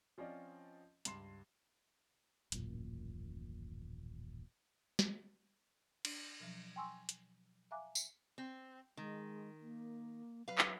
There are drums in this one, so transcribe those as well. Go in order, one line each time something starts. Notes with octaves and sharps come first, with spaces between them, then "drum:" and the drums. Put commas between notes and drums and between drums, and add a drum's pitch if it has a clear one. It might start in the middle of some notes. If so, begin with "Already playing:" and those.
F3 C4 C#4 F4 D5 D#5
C#2 G2 G3 C6 C7 E7, drum: hi-hat
D#1 A1 F#2 A#2, drum: hi-hat
drum: snare
D4, drum: cymbal
B2 F3 F#3
G5 G#5 C6 C#6 E6
drum: hi-hat
E5 F5 G#5 A#5 D6 F#6
drum: tambourine
C4
D#3 G#3
A#3
F#3 B4 F5
drum: clap